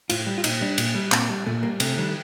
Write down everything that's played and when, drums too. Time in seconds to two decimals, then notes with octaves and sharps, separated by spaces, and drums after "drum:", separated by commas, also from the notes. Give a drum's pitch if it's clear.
0.10 A2 F4, drum: cymbal
0.27 G3
0.38 F4
0.44 A#2 D#4, drum: cymbal
0.61 G3 D4
0.78 A#2, drum: cymbal
0.95 G3
1.12 A#2 C4, drum: clap
1.30 G3
1.46 A#2 A3
1.63 G3 A#3
1.80 C3 A3, drum: cymbal
1.97 D#3 G3